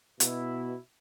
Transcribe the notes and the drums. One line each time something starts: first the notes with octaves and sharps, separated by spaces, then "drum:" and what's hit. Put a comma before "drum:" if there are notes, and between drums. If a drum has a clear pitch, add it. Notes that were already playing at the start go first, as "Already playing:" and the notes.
B2 E4, drum: hi-hat